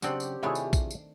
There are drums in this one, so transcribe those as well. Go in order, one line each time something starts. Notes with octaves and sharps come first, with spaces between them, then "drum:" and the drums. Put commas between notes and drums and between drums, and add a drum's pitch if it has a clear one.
F#2 C#3 C4 D4 G4 F#5, drum: tambourine
drum: tambourine
C3 D#3 A3 D4 E4 F4 G#4 C#5
drum: tambourine
drum: kick, tambourine
drum: tambourine